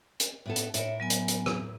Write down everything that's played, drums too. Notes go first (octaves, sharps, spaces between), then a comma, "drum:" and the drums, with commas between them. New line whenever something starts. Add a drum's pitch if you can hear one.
drum: hi-hat
A2 B3 A4
drum: hi-hat
A2 A#4 C#5 E5, drum: hi-hat
F#3 B3 G#5
drum: hi-hat
drum: hi-hat
drum: rim click